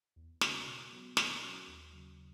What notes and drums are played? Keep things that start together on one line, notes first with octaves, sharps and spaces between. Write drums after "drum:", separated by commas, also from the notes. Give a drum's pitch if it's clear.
E2
C#3 G#3 C#4 F#4, drum: snare
B2
F#3 B3 F#4
D#3, drum: snare
F#3 C#4 F#4
D#2
C#3 F#3